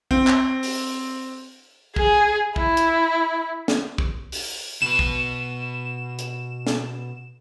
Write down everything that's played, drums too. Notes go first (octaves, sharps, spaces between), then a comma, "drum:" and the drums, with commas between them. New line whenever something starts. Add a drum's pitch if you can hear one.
C4, drum: kick
drum: clap
drum: open hi-hat
G#4, drum: kick
E4, drum: kick
drum: hi-hat
drum: snare
drum: kick
drum: open hi-hat
B2 B4 E7
drum: kick
drum: hi-hat
drum: snare